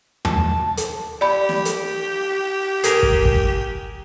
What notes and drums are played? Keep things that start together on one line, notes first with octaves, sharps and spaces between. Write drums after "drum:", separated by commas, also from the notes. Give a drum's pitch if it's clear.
A5, drum: tom
drum: hi-hat
G4 D5 B5
drum: snare
drum: hi-hat
G#4 A#4, drum: hi-hat
drum: kick
drum: kick